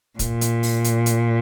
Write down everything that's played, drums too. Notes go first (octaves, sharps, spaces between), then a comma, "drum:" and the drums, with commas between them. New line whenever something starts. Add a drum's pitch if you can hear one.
A#2, drum: kick, hi-hat
drum: hi-hat
drum: open hi-hat
drum: hi-hat
drum: hi-hat